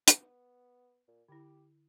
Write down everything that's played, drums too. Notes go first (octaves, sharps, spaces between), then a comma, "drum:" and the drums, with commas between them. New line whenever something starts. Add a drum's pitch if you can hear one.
B3, drum: hi-hat
A#2
D3 E4 G4